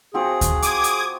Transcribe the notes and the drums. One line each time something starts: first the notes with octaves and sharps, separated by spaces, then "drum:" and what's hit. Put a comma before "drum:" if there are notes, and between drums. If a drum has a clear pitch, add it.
F3 C4 F#4 G#4
drum: kick D2, hi-hat
D6 D#6 G#6, drum: hi-hat
drum: hi-hat